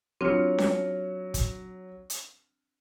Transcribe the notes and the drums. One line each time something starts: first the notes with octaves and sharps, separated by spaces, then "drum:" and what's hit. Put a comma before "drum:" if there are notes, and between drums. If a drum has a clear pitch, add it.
F#3 C4 D4 F4 F6 C#7
drum: snare C#4
drum: kick, hi-hat
drum: hi-hat